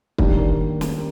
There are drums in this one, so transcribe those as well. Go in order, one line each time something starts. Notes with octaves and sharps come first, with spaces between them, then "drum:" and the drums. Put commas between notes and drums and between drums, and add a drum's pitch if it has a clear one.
D#3 G3 A#3 D4, drum: kick
drum: snare